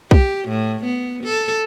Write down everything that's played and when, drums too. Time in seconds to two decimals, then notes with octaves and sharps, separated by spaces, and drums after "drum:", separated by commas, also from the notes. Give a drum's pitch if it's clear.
0.11 G4, drum: kick
0.48 A2
0.85 B3
1.24 A4